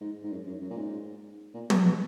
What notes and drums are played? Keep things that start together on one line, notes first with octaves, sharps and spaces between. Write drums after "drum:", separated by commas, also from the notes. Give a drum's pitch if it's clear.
G#2
G#2
F#2
F#2
F#2
A#2
G#2
A#2
B2, drum: tom
B2